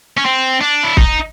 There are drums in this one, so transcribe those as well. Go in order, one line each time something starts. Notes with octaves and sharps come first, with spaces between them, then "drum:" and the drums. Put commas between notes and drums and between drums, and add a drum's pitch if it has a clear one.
C#4
C4
D4
E4
D#4, drum: kick